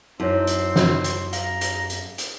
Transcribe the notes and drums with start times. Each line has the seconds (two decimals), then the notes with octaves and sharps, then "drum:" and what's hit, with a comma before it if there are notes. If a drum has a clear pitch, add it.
0.20 F#2 C4 D#4 E4 C#5
0.47 drum: hi-hat
0.76 drum: snare
1.04 drum: hi-hat
1.33 F5 A#5, drum: hi-hat
1.61 drum: hi-hat
1.90 drum: hi-hat
2.18 drum: hi-hat